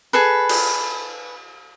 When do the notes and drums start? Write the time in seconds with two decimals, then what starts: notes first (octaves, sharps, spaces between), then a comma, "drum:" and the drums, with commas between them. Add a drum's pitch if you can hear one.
0.13 G#4 A4 B4
0.49 drum: cymbal